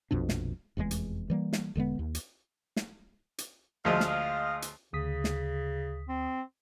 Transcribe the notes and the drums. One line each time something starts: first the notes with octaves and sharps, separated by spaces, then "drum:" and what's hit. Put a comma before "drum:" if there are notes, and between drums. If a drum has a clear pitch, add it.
A#1 F2 B2 D4
drum: snare
F1 E2 G2 G#3
drum: hi-hat
E3 G3 A#3
drum: snare
E1 D3 G#3 B3
D#2
drum: hi-hat
drum: snare
drum: hi-hat
D2 F3 G#3 D#5 F5
drum: snare
drum: hi-hat
D2 C#3 D#6 B6
drum: snare
C4